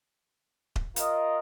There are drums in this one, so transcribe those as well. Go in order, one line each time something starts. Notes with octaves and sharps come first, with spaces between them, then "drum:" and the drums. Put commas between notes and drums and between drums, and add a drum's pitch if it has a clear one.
drum: kick D#1
F4 A#4 D#5, drum: hi-hat